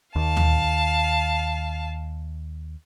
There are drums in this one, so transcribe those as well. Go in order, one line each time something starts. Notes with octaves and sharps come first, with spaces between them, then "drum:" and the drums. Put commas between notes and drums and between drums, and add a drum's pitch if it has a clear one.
D#2 F5 A5
drum: tom